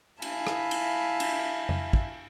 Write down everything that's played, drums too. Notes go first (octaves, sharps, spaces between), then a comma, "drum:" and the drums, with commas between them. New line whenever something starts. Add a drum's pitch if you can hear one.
E4 E5 F5 G#5 A5 B5, drum: cymbal
drum: rim click
drum: cymbal
drum: cymbal
drum: tom F2
drum: kick